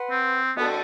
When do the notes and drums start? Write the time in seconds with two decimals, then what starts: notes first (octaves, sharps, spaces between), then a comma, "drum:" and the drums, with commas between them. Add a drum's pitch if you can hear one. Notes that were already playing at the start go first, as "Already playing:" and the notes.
Already playing: B4 F#5 C6
0.10 C4
0.57 B3 F#4 A4 D5 G5, drum: cymbal